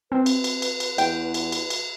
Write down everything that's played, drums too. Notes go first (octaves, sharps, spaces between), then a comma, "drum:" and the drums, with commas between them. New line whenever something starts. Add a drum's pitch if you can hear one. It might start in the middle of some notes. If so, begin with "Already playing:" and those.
C4 B4
drum: cymbal
drum: cymbal
drum: cymbal
drum: cymbal
E2 G5, drum: cymbal
drum: cymbal
drum: cymbal
drum: cymbal